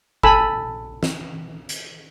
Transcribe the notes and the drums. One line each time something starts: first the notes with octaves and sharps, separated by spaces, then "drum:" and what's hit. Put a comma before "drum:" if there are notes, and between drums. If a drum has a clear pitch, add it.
A4 G#5 B5 E6, drum: kick G1
drum: snare
drum: hi-hat